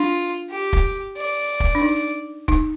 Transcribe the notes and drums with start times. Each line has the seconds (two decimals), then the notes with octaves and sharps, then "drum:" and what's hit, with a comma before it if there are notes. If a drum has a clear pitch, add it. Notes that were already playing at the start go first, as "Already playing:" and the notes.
Already playing: D4 F4
0.51 G4
0.73 drum: kick
1.17 D5
1.60 drum: kick
1.75 D4
1.82 D#4
2.48 D#4, drum: kick